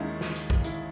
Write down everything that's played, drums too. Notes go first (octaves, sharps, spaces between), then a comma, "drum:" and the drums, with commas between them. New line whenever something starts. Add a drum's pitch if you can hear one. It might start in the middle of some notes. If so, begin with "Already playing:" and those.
Already playing: D#2 D#3 G#3 C#4 E4
drum: snare
drum: tambourine
drum: kick
E4, drum: tambourine